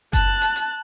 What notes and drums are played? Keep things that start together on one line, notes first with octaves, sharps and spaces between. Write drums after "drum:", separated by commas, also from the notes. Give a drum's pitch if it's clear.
A5 F#6, drum: kick F#1, hi-hat
drum: hi-hat
drum: hi-hat